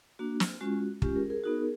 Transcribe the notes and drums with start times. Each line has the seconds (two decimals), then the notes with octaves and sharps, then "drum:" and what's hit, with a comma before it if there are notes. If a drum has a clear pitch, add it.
0.19 A#3 D4 F#4
0.40 drum: snare
0.61 G#3 C#4 F4 F#4
1.02 G#3 C#4 F4 G4, drum: kick
1.16 G#4 A#4
1.30 G#4 A#4
1.43 B3 D#4 F#4